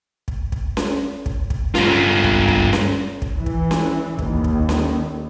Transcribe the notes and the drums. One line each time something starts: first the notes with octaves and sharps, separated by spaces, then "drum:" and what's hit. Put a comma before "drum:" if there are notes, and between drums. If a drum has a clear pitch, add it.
drum: kick
drum: kick
drum: snare C#4
drum: kick
drum: kick
G2 F4, drum: snare C#4
drum: kick
drum: kick
drum: snare C#4
drum: kick
E3
drum: kick
drum: snare C#4
D#2, drum: kick
drum: kick
drum: snare C#4